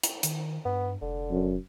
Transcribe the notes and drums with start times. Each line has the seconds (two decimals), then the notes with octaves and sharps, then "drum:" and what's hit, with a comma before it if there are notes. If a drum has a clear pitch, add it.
0.03 drum: hi-hat
0.23 D#3, drum: hi-hat
0.65 G2 B3
1.01 F1 D3
1.30 F#2